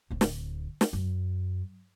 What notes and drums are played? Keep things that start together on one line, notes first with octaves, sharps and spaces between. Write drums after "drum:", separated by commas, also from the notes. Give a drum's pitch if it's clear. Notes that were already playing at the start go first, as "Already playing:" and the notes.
D1 D2
drum: snare
drum: snare
F#2